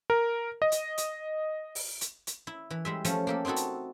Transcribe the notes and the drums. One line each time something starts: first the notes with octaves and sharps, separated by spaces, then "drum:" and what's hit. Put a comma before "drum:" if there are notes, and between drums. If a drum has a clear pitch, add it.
A#4
D#5
drum: hi-hat
drum: hi-hat
drum: open hi-hat
drum: hi-hat
drum: hi-hat
E4
E3
G3 G#3 E5
F3 A3 C#4, drum: hi-hat
A#3 G4 A4
C4 D#4 E4 F#4 A4
drum: hi-hat